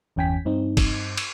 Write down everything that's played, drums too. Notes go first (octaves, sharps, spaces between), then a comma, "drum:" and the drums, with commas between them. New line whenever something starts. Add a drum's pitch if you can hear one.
G1 E2 C#4 G5 G#5 B6
G2 C4 D#4
drum: kick, cymbal
drum: cymbal